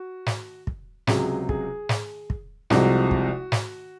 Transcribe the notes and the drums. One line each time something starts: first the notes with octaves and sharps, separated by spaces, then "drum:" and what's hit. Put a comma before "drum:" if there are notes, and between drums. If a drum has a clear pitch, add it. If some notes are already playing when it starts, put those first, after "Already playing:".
Already playing: F#4
drum: snare
drum: kick
C#2 C3 F#3 G#4, drum: snare
G#4, drum: kick
drum: snare
drum: kick
C2 C3 F3 G#3 F#4, drum: snare
drum: kick
drum: snare